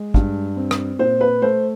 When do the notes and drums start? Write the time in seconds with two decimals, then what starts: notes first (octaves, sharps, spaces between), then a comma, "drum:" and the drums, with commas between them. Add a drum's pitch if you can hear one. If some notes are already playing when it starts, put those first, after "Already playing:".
Already playing: G#3
0.14 G2, drum: kick
0.56 C4
0.71 drum: rim click
0.99 A#2 C5
1.21 B4
1.42 A3 C5